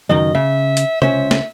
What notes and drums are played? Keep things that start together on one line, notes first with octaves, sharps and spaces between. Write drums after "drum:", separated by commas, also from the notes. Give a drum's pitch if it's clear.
C#2 F#2 D#3 D#5
C#3 E5
drum: hi-hat
C#2 C#4 C5 E5, drum: tom C3
drum: snare